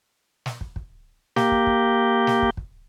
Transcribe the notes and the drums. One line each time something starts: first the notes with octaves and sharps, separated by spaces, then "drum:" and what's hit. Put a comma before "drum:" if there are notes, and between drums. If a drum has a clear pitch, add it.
drum: snare
drum: kick
drum: kick
A#3 G4, drum: snare
drum: kick
drum: kick
drum: snare
drum: kick
drum: kick